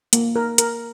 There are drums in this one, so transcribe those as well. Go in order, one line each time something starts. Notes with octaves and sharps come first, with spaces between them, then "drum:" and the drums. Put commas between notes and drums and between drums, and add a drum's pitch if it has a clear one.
A#3, drum: hi-hat
A#4
A#4, drum: hi-hat